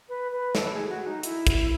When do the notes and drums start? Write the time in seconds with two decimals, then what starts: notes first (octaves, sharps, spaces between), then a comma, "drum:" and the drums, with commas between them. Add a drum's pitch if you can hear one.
0.09 B4
0.32 B4
0.55 A4, drum: snare
0.72 G#4
0.89 F#4
1.07 D#4
1.23 E4, drum: hi-hat
1.47 drum: kick, hi-hat